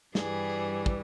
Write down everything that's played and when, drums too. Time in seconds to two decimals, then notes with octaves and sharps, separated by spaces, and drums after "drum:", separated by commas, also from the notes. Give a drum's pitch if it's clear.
0.15 G2 E3 G3 G#4, drum: snare
0.86 drum: kick